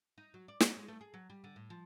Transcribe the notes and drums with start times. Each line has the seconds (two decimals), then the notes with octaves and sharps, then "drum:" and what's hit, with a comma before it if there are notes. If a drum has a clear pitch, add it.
0.18 D#4
0.34 F#3
0.48 D5
0.60 D#5, drum: snare
0.77 G#3
0.88 A3
1.01 G#4
1.14 F#3
1.30 G3
1.44 D3
1.56 A2
1.70 F3